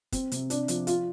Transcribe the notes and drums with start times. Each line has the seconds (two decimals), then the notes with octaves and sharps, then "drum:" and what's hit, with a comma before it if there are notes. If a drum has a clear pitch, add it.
0.12 C4, drum: kick, hi-hat
0.32 C3, drum: hi-hat
0.50 D4, drum: hi-hat
0.68 F3, drum: hi-hat
0.87 F4, drum: hi-hat